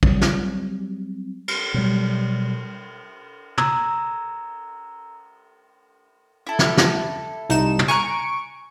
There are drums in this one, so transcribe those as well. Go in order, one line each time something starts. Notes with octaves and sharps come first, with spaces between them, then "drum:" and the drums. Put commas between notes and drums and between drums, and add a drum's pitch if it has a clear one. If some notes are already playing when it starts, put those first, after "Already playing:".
F#3 G3 C4, drum: kick
drum: snare
drum: cymbal
B2 F#3 G3
A#5 D#6 E6 G#6, drum: tom
E4 A4
drum: snare
drum: snare
C2 D#4 E7, drum: hi-hat
drum: tom
G#5 A#5 C#6 F#6 D7